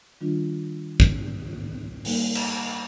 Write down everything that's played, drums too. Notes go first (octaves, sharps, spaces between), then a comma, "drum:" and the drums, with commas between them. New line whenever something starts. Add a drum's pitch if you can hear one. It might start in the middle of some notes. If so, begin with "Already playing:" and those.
D#3 G3 D4 F4
drum: kick
G3 A#3 D#4, drum: open hi-hat
drum: cymbal